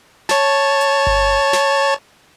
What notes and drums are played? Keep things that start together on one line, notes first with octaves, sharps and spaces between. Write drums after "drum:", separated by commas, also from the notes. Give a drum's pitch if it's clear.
C#5 A5, drum: snare
drum: hi-hat
drum: kick G1
drum: snare